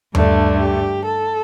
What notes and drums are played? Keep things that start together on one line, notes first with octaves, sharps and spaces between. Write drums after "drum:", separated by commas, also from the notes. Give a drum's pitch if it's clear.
G2 D3 A3 D4, drum: tom D#2
G4
A4